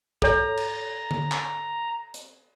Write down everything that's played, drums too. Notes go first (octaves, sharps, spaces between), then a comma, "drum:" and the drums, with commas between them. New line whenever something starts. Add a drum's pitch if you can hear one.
A4 C#5 A#5, drum: kick
drum: cymbal
drum: tom D3
drum: clap
drum: hi-hat